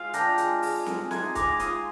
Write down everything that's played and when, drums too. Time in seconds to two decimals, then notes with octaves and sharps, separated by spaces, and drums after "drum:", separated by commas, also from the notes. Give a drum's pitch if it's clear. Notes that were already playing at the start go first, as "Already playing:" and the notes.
Already playing: G#3 F4 F5
0.13 D4 G5 A#5, drum: hi-hat
0.38 G#3, drum: hi-hat
0.62 G#3, drum: open hi-hat
0.86 G#3, drum: snare
1.11 D#4 G#5 C6, drum: snare
1.35 G#3 A#5 D6, drum: kick, hi-hat
1.59 F4 C6 D#6, drum: hi-hat